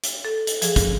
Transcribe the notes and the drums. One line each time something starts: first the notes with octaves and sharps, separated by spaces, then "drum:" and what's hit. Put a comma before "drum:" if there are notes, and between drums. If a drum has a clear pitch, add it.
drum: hi-hat
A4
drum: hi-hat
F3 G#4, drum: hi-hat
drum: kick, hi-hat